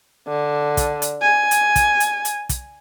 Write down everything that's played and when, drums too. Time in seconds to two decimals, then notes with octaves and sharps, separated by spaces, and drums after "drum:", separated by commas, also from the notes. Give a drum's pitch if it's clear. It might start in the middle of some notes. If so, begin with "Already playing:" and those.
0.28 D3
0.77 drum: kick, hi-hat
1.02 drum: hi-hat
1.22 G#5
1.51 drum: hi-hat
1.76 drum: kick, hi-hat
2.00 drum: hi-hat
2.25 drum: hi-hat
2.49 drum: kick, hi-hat